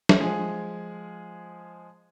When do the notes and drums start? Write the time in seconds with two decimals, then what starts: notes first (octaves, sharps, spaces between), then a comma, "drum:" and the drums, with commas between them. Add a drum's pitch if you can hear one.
0.09 drum: snare
0.20 F3 G#3 G#4